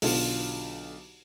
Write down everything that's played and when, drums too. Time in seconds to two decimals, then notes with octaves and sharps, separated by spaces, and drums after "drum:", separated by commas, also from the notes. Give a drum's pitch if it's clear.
0.02 B1 B2 D3 F4 A4, drum: open hi-hat